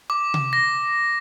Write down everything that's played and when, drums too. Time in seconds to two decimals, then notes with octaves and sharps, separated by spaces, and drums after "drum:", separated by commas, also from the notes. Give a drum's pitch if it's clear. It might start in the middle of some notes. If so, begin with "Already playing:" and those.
0.10 D6
0.34 drum: tom C3
0.53 A#6